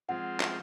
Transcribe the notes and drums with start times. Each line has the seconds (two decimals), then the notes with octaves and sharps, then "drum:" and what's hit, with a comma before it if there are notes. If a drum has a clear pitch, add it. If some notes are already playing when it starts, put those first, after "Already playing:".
0.09 F3 G#3 C4 F4 F#5
0.40 drum: clap